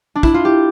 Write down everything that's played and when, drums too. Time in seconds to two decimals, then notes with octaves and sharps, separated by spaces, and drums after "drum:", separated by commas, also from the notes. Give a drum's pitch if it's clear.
0.15 D4
0.23 E4, drum: kick
0.34 F4
0.45 G4